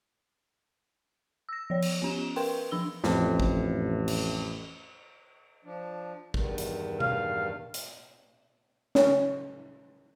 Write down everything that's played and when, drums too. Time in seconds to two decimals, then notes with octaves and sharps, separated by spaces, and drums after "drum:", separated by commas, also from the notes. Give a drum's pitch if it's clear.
1.49 E6 A#6
1.70 F3 C#5
1.82 drum: cymbal
2.02 B3 C#4 E7
2.36 A#4 B4 G5 C6, drum: open hi-hat
2.71 F3 D4 E6 G7
3.04 A1 F2, drum: snare
3.40 drum: kick
4.08 drum: cymbal
5.65 F3 D4
6.34 E2 G2 D#3, drum: kick
6.58 drum: hi-hat
7.00 F5, drum: tom B2
7.74 drum: hi-hat
8.95 C#4, drum: snare